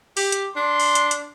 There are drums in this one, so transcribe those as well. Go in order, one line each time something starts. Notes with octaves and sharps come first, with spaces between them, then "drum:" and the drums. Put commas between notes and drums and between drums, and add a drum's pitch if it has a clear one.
G4, drum: open hi-hat
drum: hi-hat
D4 C6
drum: open hi-hat
drum: hi-hat
drum: hi-hat